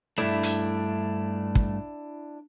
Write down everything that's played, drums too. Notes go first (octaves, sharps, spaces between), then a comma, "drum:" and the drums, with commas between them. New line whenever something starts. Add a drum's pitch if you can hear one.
G2 A3 D4 E4
drum: hi-hat
drum: kick